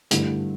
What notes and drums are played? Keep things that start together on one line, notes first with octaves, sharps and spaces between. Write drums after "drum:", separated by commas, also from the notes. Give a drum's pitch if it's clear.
G2 D3 A3 E4, drum: hi-hat